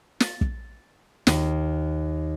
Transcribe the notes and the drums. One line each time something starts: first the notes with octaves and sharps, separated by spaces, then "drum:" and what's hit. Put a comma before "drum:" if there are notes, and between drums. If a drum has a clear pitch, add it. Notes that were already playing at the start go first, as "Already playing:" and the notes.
A6, drum: snare
drum: kick
D#2, drum: snare